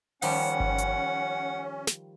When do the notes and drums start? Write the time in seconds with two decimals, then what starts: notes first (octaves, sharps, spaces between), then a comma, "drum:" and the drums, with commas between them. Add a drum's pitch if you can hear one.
0.22 D#3 F3 G3 C#4 F#5, drum: open hi-hat
0.60 drum: kick G1
0.78 drum: hi-hat
1.87 drum: snare